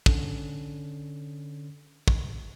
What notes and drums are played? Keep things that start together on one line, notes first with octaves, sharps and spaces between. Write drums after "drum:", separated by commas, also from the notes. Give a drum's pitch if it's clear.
D3 C#4, drum: kick
drum: kick